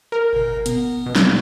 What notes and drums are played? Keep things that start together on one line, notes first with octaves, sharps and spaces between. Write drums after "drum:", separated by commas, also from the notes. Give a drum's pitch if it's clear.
A#4
G1 B2
B3, drum: hi-hat
B2
drum: snare